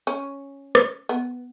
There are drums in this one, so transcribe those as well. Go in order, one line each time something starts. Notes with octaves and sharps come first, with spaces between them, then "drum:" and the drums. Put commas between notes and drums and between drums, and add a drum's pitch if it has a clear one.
C#4, drum: tambourine
drum: rim click
B3, drum: tambourine